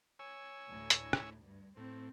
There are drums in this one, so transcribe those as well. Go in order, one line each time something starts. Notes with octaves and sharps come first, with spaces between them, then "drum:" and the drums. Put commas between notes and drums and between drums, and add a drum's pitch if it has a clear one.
C#5 G#5 E6
D2 A2
drum: hi-hat
drum: rim click
G2
A2 C4